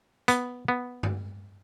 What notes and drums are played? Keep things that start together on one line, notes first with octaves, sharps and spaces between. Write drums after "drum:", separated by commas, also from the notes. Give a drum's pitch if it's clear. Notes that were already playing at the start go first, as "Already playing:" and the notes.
B3, drum: hi-hat
B3
drum: tom G2